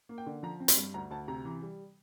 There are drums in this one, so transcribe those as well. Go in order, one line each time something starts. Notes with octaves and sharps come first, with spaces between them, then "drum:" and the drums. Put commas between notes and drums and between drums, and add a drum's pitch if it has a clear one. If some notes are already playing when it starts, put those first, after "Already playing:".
A#3
G5
D3
F3 A#5
C4
C6, drum: hi-hat
G2
D2 A#5
D2 A5
C3 A#5
E3
G3